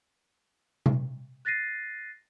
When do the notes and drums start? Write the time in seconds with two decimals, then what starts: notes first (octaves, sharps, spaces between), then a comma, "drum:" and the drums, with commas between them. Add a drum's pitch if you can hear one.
0.86 drum: tom C3
1.45 F#6 A6 A#6 C7 D#7